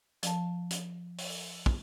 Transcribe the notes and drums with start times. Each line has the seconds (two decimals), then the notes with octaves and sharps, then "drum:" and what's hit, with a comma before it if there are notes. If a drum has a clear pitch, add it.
0.23 F3 A5, drum: hi-hat
0.71 drum: hi-hat
1.18 drum: open hi-hat
1.66 drum: kick